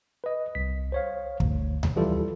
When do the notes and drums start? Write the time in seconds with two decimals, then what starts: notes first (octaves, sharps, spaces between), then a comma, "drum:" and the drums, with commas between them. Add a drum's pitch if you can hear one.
0.24 B4 D#5
0.55 C2 B6
0.92 C5 C#5 F5
1.40 G1 D2, drum: kick
1.83 drum: tom D2
1.96 E3 F3 G3 E4 F4 A4